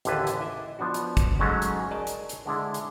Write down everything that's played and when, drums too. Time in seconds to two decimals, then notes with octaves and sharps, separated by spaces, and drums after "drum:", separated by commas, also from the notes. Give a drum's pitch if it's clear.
0.05 A1 D#2 D3 G#4 B4 A5, drum: hi-hat
0.27 drum: hi-hat
0.40 E4 D#5 E5
0.79 F3 B3 D4 F#4
0.94 drum: hi-hat
1.17 drum: kick, hi-hat
1.39 G#2 F#3 G#3 A3 C#4
1.62 drum: hi-hat
1.91 G#4 A#4 D5 D#5 A5
2.07 drum: hi-hat
2.29 drum: hi-hat
2.46 D3 G#3 D4 E4
2.74 drum: hi-hat